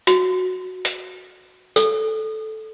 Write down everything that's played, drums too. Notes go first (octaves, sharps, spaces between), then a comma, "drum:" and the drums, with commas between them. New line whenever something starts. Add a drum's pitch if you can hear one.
F#4, drum: hi-hat
drum: hi-hat
A4, drum: tambourine